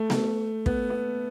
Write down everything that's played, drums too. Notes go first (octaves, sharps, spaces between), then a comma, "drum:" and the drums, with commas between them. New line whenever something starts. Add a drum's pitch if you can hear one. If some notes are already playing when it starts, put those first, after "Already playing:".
Already playing: A3
drum: snare B3
B3, drum: kick
B3